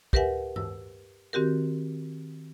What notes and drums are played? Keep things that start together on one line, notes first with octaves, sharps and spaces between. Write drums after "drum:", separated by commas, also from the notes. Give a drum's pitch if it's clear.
G4 A#4 B4 E5 F#5 G#5, drum: kick
E6, drum: tom G2
D#3 C4 F#4 G4 A#4